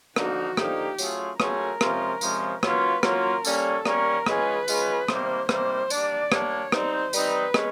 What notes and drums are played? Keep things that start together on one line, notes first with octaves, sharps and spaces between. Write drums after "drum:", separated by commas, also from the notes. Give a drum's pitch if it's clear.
D3 F3 A#3 D#4 F#4, drum: rim click
D3 F3 A#3 D#4 G4, drum: rim click
F#3 A3 C#4 F4 G#4, drum: tambourine
F#3 A3 C#4 F4 G#4 A#4, drum: rim click
C3 F3 G#3 C#4 F4, drum: rim click
C3 F3 G#3 C#4 F4, drum: tambourine
F#3 A#3 C#4 F4 B4, drum: rim click
F#3 A#3 C#4 F4 A#4, drum: rim click
G3 A#3 C#4 A4, drum: tambourine
G3 A#3 C#4 A#4, drum: rim click
G#3 C#4 F4 G#4 B4, drum: rim click
G#3 C#4 F4 G#4, drum: tambourine
C3 D#3 G3 A#3 C5, drum: rim click
C3 D#3 G3 A#3 C5, drum: rim click
G3 A#3 D4 D5, drum: tambourine
G3 A#3 D4 C#5, drum: rim click
G3 C4 D#4 C5, drum: rim click
G3 C4 D#4 B4, drum: tambourine
G#3 C#4, drum: rim click